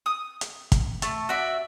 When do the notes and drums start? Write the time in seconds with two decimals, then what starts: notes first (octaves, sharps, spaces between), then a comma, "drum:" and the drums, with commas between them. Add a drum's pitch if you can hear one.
0.06 D#6
0.41 drum: hi-hat
0.72 drum: kick, hi-hat
1.02 A3, drum: hi-hat
1.29 F#4 D5 E5